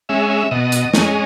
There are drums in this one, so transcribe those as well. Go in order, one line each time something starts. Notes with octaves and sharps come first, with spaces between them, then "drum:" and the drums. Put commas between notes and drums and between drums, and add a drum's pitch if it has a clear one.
G#3 C#4 E5
E5
B2 D#5
drum: hi-hat
G#3 C#4, drum: snare